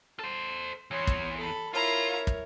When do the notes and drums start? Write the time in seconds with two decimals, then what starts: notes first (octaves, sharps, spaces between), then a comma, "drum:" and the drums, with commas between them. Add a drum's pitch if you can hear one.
0.19 A4 C5
0.91 E2 E3 C#5 C6
1.07 drum: kick
1.37 A4 B5
1.74 E4 F4 A#4 C#5 A#5
2.27 drum: kick